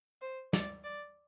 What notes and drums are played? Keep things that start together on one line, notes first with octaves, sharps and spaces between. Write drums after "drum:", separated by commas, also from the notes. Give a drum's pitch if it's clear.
C5
D5, drum: snare
D5